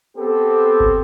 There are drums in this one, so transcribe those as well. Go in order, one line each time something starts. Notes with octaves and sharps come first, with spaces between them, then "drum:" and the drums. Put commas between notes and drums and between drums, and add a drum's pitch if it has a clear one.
B3 C4 G4 A4
drum: kick G1